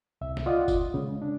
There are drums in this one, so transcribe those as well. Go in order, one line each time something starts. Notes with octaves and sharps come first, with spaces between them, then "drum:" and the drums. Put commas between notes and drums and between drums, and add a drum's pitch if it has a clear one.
C2 E5
drum: snare
F4 D5 D#5 F#5 D#6
drum: kick F1, tambourine
C#3 G#3
D4